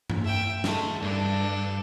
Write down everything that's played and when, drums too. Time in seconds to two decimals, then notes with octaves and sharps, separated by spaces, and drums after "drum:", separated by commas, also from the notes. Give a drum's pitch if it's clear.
0.10 drum: tom G2
0.24 E5 G5
0.64 G#3 A3, drum: snare
1.02 G2 D4 A4